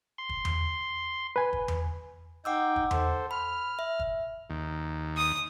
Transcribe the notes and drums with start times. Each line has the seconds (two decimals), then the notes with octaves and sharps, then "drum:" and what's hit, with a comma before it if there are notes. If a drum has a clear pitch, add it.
0.18 C6
0.29 drum: kick
0.45 drum: tom E2
1.36 B4 G#5
1.53 drum: kick
1.68 drum: tom E2
2.45 D#4 F#5 G5 D6 E6
2.76 drum: kick
2.91 A4 C5, drum: tom E2
3.31 B5 F6
3.79 E5
3.99 drum: kick
4.50 D#2
5.17 D#6